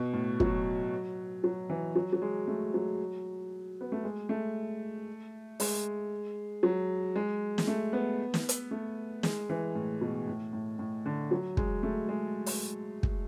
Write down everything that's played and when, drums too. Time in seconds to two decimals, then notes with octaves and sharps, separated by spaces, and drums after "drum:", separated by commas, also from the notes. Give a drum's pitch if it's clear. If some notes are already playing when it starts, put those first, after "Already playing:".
Already playing: B2
0.13 A2
0.40 F#3, drum: kick
1.44 F#3
1.70 E3
1.96 F#3
2.13 F#3
2.22 G#3
2.48 A3
2.74 F#3
3.81 B3
3.92 A3
4.04 G#3
4.29 A3
5.60 G#3, drum: open hi-hat
6.63 F#3
7.16 G#3
7.58 drum: snare
7.67 A3
7.93 B3
8.34 drum: snare
8.49 drum: hi-hat
8.71 A3
9.23 G#3, drum: snare
9.49 E3
9.75 A2
10.01 B2
10.28 A2
10.53 A2
10.79 A2
11.06 D3
11.31 F#3
11.57 G#3, drum: kick
11.83 A3
12.09 G#3
12.46 drum: open hi-hat
13.03 drum: kick